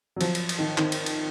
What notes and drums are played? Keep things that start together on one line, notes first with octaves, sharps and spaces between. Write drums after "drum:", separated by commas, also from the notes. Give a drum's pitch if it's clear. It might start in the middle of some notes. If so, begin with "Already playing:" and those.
F#3
F3, drum: cymbal
drum: cymbal
drum: cymbal
D#3
D#3, drum: clap
drum: cymbal
drum: cymbal